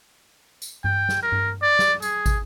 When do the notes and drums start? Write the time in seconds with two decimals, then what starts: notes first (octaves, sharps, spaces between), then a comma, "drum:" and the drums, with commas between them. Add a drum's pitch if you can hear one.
0.62 drum: tambourine
0.84 G5, drum: tom G2
1.09 drum: snare
1.23 A#4
1.32 drum: tom G2
1.62 D5
1.79 drum: snare
2.02 G#4, drum: tambourine
2.26 drum: kick, tambourine